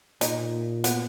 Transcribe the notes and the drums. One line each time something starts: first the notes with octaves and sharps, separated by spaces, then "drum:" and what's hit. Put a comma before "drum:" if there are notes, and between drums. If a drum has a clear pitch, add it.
A#2 D#4, drum: hi-hat
B3, drum: hi-hat